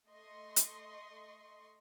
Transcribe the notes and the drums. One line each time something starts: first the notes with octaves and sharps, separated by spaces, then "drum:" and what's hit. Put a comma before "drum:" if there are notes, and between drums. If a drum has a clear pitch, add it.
A3 D#5 C6 C#6
drum: hi-hat